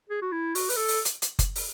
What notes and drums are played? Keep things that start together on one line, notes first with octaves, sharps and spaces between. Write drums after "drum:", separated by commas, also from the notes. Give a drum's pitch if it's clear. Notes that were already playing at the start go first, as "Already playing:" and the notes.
G#4
F#4
E4
F#4, drum: open hi-hat
B4, drum: open hi-hat
A4
drum: open hi-hat
drum: hi-hat
drum: hi-hat
drum: kick F#1, hi-hat
drum: open hi-hat